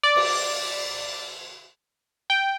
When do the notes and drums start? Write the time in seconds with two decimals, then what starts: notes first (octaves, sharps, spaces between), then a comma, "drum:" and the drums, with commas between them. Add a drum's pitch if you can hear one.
0.03 D5
0.16 drum: cymbal
2.30 G5